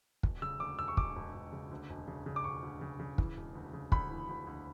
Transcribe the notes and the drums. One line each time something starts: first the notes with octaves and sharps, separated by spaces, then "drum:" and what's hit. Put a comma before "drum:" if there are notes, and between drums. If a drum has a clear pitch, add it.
E1, drum: kick
C#3 E6
D2 D6
E1 E6
C#6
E1 D6, drum: kick
E1
E1
C#3
D2
E1
C#3
C#3
D6
E1 C#6
D2
C#3
C#3
E3, drum: kick
E1
D2
C#3
D2 B5, drum: kick
E3
D2
D2